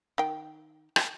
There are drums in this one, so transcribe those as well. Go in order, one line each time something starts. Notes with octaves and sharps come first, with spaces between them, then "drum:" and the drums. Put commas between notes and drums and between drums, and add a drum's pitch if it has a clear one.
D#3 G5
drum: rim click